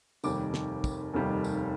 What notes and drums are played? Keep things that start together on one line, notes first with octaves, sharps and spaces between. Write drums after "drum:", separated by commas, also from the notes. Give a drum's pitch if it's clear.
F1 D#2 D#3 G3 D6, drum: tambourine
drum: snare
drum: kick, tambourine
F1 D#2 D#3 G3
drum: tambourine